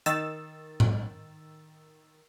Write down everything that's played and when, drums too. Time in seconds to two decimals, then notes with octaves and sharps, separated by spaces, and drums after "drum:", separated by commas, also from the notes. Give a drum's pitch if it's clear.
0.06 D#3 E6 A6, drum: hi-hat
0.80 drum: tom A2